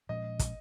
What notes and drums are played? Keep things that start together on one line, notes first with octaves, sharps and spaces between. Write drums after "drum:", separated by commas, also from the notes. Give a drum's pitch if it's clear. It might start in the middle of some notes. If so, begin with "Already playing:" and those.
A#2 F3 G#3 C#4 D#5
drum: kick, hi-hat